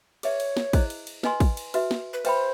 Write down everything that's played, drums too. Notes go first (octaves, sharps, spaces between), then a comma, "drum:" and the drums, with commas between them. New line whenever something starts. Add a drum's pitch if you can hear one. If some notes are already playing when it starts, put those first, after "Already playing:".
G#4 B4 C#5 E5, drum: cymbal
drum: cymbal
drum: snare
E4 G#4 C5 D#5, drum: kick, cymbal
drum: cymbal
drum: cymbal
B4 D#5 G#5 C6, drum: snare
drum: kick, cymbal
drum: cymbal
F#4 B4 E5, drum: cymbal
drum: snare
B4
B4 C5 E5 G5 B5, drum: cymbal